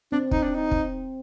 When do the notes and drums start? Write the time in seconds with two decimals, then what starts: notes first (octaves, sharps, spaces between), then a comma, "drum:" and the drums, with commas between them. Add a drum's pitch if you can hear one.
0.12 C4 D4
0.31 D#4, drum: kick
0.43 D4
0.55 D#4
0.71 drum: kick